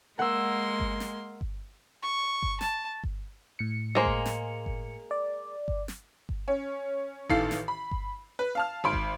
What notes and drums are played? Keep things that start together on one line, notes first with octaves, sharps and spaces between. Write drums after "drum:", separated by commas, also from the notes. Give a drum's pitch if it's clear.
G#3 A#3 F#5 C6 E6
drum: kick G1
drum: snare
drum: kick G1
C#6
drum: kick G1
A5, drum: snare
drum: kick G1
A2 C#7
G#3 A#3 G#4 C5
drum: kick G1
drum: snare
drum: kick G1
D5
drum: kick G1
drum: snare
drum: kick G1
C#4
A1 D#3 E3 A4 F5 C7, drum: kick G1
drum: snare
B5
drum: kick G1
B4
F5 A5 F6
G#1 B5 C6 D7
drum: kick G1